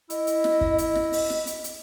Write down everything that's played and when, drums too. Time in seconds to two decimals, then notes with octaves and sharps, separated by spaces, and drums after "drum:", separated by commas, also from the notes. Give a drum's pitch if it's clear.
0.10 E4 D#5, drum: hi-hat
0.27 drum: hi-hat
0.44 drum: snare
0.61 drum: kick
0.78 drum: hi-hat
0.95 drum: snare
1.13 drum: open hi-hat
1.30 drum: snare
1.47 drum: hi-hat
1.64 drum: hi-hat